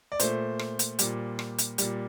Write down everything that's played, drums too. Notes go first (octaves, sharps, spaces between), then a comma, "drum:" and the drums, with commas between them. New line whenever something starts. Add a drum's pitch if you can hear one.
D5
A#2 A3 C5, drum: hi-hat
drum: rim click
drum: hi-hat
A#2 G3, drum: hi-hat
drum: rim click
drum: hi-hat
A#2 G3, drum: hi-hat